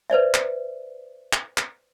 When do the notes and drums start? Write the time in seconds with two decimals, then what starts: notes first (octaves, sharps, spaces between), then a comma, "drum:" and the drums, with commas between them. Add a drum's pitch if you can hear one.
0.10 B4 C5 D5 E5
0.34 drum: clap
1.33 drum: clap
1.58 drum: clap